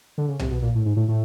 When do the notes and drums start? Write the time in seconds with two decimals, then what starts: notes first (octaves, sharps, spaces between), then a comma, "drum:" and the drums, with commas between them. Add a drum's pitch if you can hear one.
0.18 D3
0.28 C#3
0.39 C3, drum: tom B1
0.51 B2
0.62 A#2
0.75 A2
0.85 G#2
0.96 A2
1.08 A2